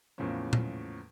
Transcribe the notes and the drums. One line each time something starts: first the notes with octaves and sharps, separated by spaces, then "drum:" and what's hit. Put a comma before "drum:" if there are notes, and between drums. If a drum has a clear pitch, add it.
E2 A2 C#3 F3 A#3 C#4
drum: tom